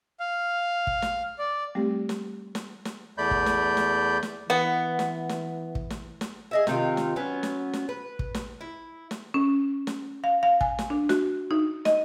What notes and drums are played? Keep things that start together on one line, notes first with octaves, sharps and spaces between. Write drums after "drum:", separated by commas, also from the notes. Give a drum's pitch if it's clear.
F5
drum: kick
drum: snare
D5
G3 A3 C4 G4
drum: snare
drum: snare
drum: snare
E2 A3 D5 B5 G6
drum: kick
drum: snare
drum: snare
drum: snare
E3 B3 F#5
drum: snare
drum: snare
drum: kick
drum: snare
drum: snare
G#4 D#5 E5
C3 D#3 F4, drum: snare
drum: snare
F#3 B3 C#4
drum: snare
drum: snare
B4
drum: kick
drum: snare
E4
drum: snare
C#4
drum: snare
F5
F5
G#5, drum: kick
drum: snare
D4
F#4, drum: snare
D#4
D#5, drum: snare